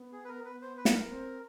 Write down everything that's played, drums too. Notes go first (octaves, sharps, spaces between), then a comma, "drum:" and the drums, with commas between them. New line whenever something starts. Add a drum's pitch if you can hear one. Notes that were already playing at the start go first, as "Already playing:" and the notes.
Already playing: B3
G#4
B4
A#4
B4
B3 C5
B4
B3, drum: snare
A#4
C4